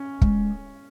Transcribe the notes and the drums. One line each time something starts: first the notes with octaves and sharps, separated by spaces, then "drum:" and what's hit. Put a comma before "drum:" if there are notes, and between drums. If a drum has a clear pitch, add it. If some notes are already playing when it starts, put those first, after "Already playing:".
Already playing: C#4
G#3, drum: kick